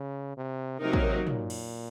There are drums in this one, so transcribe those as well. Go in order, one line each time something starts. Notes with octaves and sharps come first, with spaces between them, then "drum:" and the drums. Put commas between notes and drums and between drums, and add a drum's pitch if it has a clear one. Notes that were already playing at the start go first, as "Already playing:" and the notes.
Already playing: C#3
C3
C3 F#3 A#3 D#4 A#4
drum: kick
A#2, drum: tom
drum: cymbal